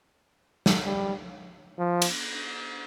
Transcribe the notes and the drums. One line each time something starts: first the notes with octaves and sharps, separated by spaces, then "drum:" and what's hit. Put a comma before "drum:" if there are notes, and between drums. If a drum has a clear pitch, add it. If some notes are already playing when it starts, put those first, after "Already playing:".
drum: snare
G3
F3
drum: cymbal